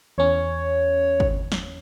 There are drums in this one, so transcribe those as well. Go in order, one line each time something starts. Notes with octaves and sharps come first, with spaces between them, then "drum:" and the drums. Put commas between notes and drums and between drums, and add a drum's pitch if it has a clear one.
E2 C#4 C#5
drum: kick
drum: snare